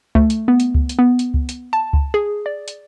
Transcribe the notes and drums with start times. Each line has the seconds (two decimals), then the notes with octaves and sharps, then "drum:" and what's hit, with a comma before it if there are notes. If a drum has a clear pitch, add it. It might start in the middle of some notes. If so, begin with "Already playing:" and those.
0.15 A3, drum: kick C#2
0.30 drum: hi-hat
0.48 B3
0.60 drum: hi-hat
0.75 drum: kick C#2
0.89 drum: hi-hat
0.99 B3
1.19 drum: hi-hat
1.34 drum: kick C#2
1.49 drum: hi-hat
1.73 A5
1.93 drum: kick C#2
2.14 G#4
2.46 D5
2.68 drum: hi-hat